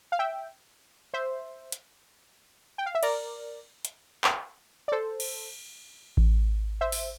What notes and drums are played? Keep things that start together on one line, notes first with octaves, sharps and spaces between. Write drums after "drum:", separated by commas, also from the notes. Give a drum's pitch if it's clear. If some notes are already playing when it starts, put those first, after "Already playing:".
F5
E5 G5
C5 E5
drum: hi-hat
G5
F5
E5
A#4 D5, drum: cymbal
drum: hi-hat
drum: clap
D5
A4 C5
drum: cymbal
drum: kick A1
C5 E5
drum: open hi-hat